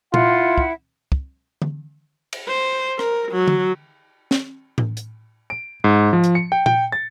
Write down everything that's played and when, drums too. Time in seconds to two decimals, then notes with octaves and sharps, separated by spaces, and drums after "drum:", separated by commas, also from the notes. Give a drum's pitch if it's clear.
0.14 E4 F4 F#5, drum: tom A#2
0.58 drum: kick
1.12 drum: kick
1.62 drum: tom D3
2.33 drum: cymbal
2.48 C5
2.99 A#4, drum: rim click
3.32 F#3
3.48 drum: tom D3
4.31 drum: snare
4.78 drum: tom A2
4.97 drum: hi-hat
5.50 D7
5.84 G#2
6.13 F3
6.24 drum: hi-hat
6.35 C#7
6.52 G5
6.66 G5, drum: tom A#2
6.92 A6